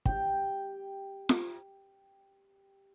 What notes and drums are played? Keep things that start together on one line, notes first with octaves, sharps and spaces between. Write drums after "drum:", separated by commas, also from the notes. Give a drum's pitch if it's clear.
G4 G5, drum: kick
drum: snare F4